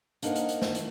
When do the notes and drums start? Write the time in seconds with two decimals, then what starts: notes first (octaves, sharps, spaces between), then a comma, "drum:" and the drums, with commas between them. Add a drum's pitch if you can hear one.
0.22 A#3 D4 D#4 A#4 C5 F#5, drum: hi-hat
0.36 drum: hi-hat
0.49 drum: hi-hat
0.62 drum: snare
0.75 drum: hi-hat